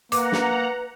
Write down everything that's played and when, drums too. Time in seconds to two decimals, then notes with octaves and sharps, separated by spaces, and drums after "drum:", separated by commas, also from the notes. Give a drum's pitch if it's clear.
0.12 A#3 B4 F#5 A#5 D6, drum: hi-hat
0.32 drum: snare